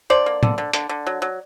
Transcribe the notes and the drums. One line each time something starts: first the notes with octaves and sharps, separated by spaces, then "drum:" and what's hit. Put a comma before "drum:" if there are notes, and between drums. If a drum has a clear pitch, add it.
D3 C5 D5
A#3
D3, drum: tom
D3
D3, drum: hi-hat
D3
F#3
F#3